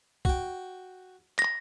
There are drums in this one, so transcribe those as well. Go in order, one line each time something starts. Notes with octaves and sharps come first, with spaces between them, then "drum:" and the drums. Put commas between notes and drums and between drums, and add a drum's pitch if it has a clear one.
F#4 G5, drum: kick
A#6, drum: clap